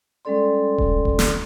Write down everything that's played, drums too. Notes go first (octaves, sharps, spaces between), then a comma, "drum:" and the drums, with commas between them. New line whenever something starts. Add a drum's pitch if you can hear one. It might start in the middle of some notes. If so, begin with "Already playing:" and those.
G3 G#3 C#4 A4 D5 C6
drum: kick D#1
drum: kick D#1
drum: snare